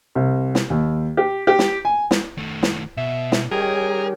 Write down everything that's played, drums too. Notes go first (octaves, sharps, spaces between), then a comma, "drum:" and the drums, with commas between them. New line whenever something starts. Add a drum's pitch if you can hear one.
C2
drum: snare
D#2
G4
G4
drum: snare
G#5
drum: snare
D#3 A3
drum: snare
B2 E5
drum: snare
D#3 G3 C#4 D#4 G4 G#4 A#4